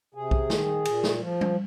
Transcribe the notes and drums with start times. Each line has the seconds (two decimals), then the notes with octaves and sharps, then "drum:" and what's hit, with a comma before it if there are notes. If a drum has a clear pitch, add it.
0.14 C3 G#4
0.31 drum: kick B1
0.50 D#3, drum: snare
0.85 A#2, drum: cymbal
1.03 drum: snare
1.21 F3
1.41 drum: tom